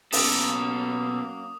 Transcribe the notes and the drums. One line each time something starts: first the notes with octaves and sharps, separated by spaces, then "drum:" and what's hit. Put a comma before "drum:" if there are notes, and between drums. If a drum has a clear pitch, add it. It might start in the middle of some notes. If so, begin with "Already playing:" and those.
B2 F#3 A#3 C#4 A4 D6 D#6, drum: open hi-hat